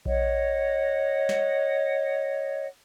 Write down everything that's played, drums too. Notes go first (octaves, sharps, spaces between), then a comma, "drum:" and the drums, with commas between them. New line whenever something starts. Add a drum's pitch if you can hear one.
C#5 D#5 F#5, drum: kick A#1
drum: snare